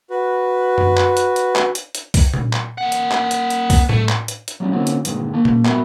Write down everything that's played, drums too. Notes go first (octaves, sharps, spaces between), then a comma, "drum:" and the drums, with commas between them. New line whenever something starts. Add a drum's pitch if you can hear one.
F#4 B4
drum: tom F#2
drum: clap
drum: hi-hat
drum: hi-hat
drum: clap
drum: hi-hat
drum: hi-hat
drum: kick B1, open hi-hat
drum: tom A#2
drum: clap
A#3 F#5
drum: hi-hat
drum: clap
drum: hi-hat
drum: hi-hat
drum: kick B1, open hi-hat
A3, drum: tom A2
drum: clap
drum: hi-hat
drum: hi-hat
F#3 G3 A3 C#4 D4
D3 A#3 C4 C#4 D#4 F#4
drum: hi-hat
G2 A#2 D3 D#3 G#3, drum: hi-hat
A#3 A5
drum: tom A#2
G#2 B3 F#4 A#4 E5 B5, drum: clap